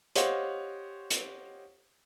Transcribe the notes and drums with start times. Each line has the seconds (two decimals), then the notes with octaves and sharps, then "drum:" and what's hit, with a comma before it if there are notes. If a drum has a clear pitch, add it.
0.16 G4 C5 C#5 D#5 F5 F#5, drum: hi-hat
1.10 drum: hi-hat